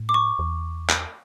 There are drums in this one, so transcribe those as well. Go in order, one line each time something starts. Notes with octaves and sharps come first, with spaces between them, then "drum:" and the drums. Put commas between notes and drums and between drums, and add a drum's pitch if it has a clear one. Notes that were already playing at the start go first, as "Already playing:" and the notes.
Already playing: A2
D6
C#6
E2
drum: clap